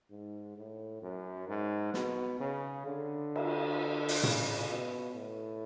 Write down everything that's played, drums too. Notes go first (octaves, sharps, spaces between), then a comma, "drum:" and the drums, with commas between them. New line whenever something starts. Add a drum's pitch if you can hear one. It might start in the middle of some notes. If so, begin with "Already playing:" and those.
G#2
A2
F#2
G#2
B2, drum: snare
C#3
D3
drum: cymbal
drum: open hi-hat
C#3, drum: tom
B2
A2